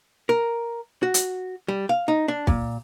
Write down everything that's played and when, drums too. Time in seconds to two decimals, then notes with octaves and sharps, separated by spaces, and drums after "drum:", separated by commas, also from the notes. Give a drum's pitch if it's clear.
0.29 A#4
1.03 F#4
1.14 drum: hi-hat
1.68 G3
1.89 F5
2.08 D#4
2.28 D4
2.47 A#2, drum: kick